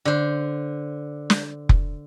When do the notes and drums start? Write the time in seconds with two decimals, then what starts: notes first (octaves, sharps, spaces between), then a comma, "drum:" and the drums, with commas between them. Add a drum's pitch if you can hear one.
0.05 D3 C5
1.30 drum: snare
1.69 drum: kick F1